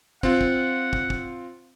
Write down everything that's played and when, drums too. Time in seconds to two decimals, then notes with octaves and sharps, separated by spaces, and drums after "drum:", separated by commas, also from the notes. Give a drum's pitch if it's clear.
0.23 C4 F4 F#5, drum: kick
0.41 drum: kick
0.93 drum: kick
1.10 drum: kick